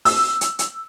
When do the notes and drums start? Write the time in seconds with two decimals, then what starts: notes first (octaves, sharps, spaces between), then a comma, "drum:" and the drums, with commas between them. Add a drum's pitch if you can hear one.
0.05 E6, drum: open hi-hat
0.41 drum: hi-hat
0.59 drum: hi-hat